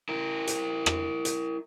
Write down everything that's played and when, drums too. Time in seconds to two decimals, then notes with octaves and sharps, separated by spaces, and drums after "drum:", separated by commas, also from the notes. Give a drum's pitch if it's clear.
0.09 E4 A#4
0.47 drum: hi-hat
0.86 drum: rim click
1.25 drum: hi-hat